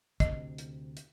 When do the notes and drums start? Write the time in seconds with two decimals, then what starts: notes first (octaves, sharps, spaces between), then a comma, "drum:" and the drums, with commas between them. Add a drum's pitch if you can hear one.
0.20 D2 C3 D#5, drum: kick, hi-hat
0.58 drum: hi-hat
0.97 drum: hi-hat